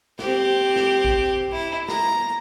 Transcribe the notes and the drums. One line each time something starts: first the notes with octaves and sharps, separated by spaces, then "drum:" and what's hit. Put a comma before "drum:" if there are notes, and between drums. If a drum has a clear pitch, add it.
C4 G4, drum: snare
drum: snare
drum: kick A1
E4
A#5, drum: snare